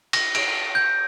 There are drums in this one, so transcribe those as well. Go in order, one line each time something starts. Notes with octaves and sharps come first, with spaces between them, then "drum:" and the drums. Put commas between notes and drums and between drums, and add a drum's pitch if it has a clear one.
A#6, drum: cymbal
D7, drum: cymbal
G6